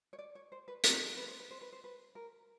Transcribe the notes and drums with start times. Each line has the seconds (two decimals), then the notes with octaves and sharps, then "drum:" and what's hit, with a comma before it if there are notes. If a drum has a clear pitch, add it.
0.13 C#5
0.19 D5
0.35 C#5
0.52 C5
0.68 B4
0.84 A#4, drum: hi-hat
1.17 B4
1.28 C5
1.40 B4
1.51 C5
1.61 B4
1.73 C5
1.84 B4
2.15 A#4